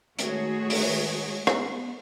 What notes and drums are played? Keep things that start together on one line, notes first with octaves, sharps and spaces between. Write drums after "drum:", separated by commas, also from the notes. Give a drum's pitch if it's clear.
D#3 G#3 A3 F#4 G#4 C#5, drum: hi-hat
drum: open hi-hat
B3, drum: rim click